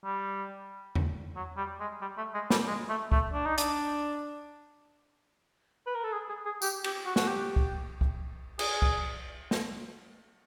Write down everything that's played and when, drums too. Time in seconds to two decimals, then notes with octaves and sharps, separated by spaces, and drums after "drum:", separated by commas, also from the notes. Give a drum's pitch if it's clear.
0.04 G3
0.95 drum: tom E2
1.36 F#3
1.57 G3
1.80 G#3
2.01 G3
2.18 A3
2.34 G#3
2.50 G3, drum: snare
2.67 G#3
2.89 A3
3.12 A3, drum: kick
3.33 D4
3.46 D#4
3.58 D4, drum: hi-hat
5.86 B4
5.95 A#4
6.04 A4
6.12 G#4
6.29 G#4
6.45 G#4
6.62 G4, drum: tambourine
6.84 G4, drum: cymbal
7.06 F#4
7.16 F#4, drum: snare
7.28 G4
7.56 drum: kick
8.01 drum: kick
8.59 G#4, drum: cymbal
8.82 drum: kick
9.51 drum: snare